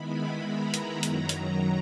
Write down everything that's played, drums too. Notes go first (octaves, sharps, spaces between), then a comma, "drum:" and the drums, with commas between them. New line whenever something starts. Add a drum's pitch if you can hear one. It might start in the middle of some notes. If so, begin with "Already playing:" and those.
Already playing: D#3 G#3 B3 E4 B5
A#5
B5, drum: hi-hat
F#2 D#3 F#3 A#5, drum: hi-hat
drum: hi-hat